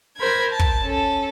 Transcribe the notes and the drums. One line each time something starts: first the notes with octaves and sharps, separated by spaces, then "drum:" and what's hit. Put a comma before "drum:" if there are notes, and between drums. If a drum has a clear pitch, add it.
A#4 C5 B5 G#6
A5
drum: kick
C#4 A4